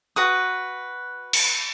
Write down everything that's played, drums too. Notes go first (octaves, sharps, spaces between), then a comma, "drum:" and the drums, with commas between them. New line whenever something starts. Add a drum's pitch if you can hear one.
F#4 B4 D#6
drum: cymbal